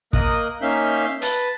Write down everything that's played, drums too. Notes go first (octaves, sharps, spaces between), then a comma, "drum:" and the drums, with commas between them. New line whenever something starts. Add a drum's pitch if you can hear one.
A#3 A#4 D#5 D#6 F#6, drum: kick
A#3 C#4 D#4 E5 F5 G6
B4 A5, drum: hi-hat